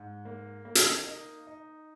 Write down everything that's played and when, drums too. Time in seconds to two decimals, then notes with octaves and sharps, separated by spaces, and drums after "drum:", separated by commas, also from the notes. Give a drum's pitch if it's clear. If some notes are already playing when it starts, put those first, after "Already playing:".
Already playing: G#2
0.25 A#3
0.65 A#3
0.75 drum: hi-hat
1.06 D#4
1.47 D#4